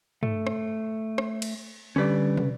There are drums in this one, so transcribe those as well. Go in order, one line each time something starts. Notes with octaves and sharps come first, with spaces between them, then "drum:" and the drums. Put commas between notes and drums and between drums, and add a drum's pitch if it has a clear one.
A3, drum: tom G2
drum: rim click
drum: rim click
drum: cymbal
D3 G3 C#4 B4 D5
drum: tom